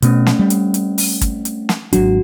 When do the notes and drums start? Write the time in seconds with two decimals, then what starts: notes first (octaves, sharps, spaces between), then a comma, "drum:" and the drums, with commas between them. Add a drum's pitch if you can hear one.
0.02 B2 A3 C4 C#4, drum: hi-hat
0.27 drum: snare
0.39 G3
0.50 drum: hi-hat
0.74 drum: hi-hat
0.98 drum: open hi-hat
1.21 drum: kick, hi-hat
1.45 drum: hi-hat
1.69 drum: snare
1.93 G#1 F#3 D4 F#4, drum: hi-hat